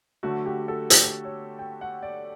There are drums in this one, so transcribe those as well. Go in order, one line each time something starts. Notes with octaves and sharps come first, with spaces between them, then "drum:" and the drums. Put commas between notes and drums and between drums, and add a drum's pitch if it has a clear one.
D3 F#3 A3 F#4
G4
A4
G4, drum: hi-hat
C#5
G5
F#5
D5